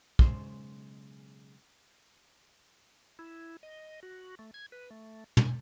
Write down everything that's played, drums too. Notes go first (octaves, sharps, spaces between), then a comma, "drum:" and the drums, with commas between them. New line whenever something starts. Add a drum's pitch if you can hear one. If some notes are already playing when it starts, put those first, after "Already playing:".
B1 C#3 G#3 C5, drum: kick
E4
D#5
F#4
A3
G#6
B4
A3
G#5, drum: tom